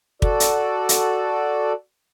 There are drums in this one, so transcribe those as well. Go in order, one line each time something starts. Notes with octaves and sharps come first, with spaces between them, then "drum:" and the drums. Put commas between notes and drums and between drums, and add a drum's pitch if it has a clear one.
F#4 A4 D5, drum: kick
drum: hi-hat
drum: hi-hat